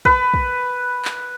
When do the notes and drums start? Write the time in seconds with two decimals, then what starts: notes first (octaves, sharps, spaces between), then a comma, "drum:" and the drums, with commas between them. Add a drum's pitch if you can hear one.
0.05 B4, drum: kick
0.34 drum: kick
1.05 drum: clap